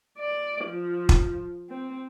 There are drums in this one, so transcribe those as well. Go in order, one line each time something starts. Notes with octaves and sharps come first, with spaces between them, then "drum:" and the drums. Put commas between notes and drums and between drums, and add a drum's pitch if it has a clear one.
D5
F3
drum: kick
C4